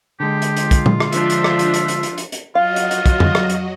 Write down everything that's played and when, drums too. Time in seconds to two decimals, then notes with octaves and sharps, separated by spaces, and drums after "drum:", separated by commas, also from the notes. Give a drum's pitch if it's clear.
0.20 D3 G#3 G4
0.42 drum: hi-hat
0.56 F4, drum: hi-hat
0.71 drum: kick, hi-hat
0.86 drum: tom A#2
1.00 drum: rim click
1.12 F3 D4 E5, drum: hi-hat
1.30 drum: hi-hat
1.44 drum: rim click
1.59 drum: hi-hat
1.74 drum: hi-hat
1.88 drum: hi-hat
2.03 drum: hi-hat
2.18 drum: hi-hat
2.32 drum: hi-hat
2.55 F#3 F4 F#4 D#5 F5
2.76 drum: hi-hat
2.91 drum: hi-hat
3.06 drum: kick, hi-hat
3.20 drum: tom F2
3.35 drum: rim click
3.50 drum: hi-hat